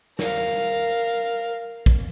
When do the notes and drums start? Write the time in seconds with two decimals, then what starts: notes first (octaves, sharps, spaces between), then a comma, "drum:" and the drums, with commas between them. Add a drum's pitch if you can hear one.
0.19 A#4 F5, drum: snare
1.86 drum: kick A#1